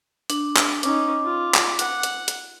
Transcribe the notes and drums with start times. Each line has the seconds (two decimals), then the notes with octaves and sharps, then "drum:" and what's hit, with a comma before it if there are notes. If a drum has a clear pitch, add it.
0.30 D4, drum: hi-hat
0.57 drum: clap
0.83 C#4 D#4 D6, drum: hi-hat
1.24 F4
1.54 drum: clap
1.79 F#5, drum: hi-hat
2.03 drum: hi-hat
2.28 drum: hi-hat